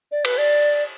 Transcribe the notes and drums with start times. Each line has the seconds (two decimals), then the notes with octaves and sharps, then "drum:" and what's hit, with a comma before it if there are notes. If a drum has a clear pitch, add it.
0.12 D5
0.25 B4, drum: cymbal
0.38 D5